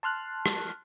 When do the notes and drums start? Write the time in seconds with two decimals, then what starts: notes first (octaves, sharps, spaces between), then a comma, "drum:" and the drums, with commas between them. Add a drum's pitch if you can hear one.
0.03 A5 C6 F6 F#6
0.46 drum: rim click